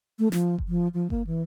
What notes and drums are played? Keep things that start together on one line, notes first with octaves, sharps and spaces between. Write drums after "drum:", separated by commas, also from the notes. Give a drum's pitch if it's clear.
A3
F3, drum: snare
drum: kick F#1
F3
F3
A#3, drum: kick F#1
E3